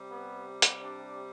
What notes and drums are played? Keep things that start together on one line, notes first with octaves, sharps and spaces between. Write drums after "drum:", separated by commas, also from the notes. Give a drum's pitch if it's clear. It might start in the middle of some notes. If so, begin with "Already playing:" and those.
Already playing: C3 G3
B3
drum: hi-hat
D4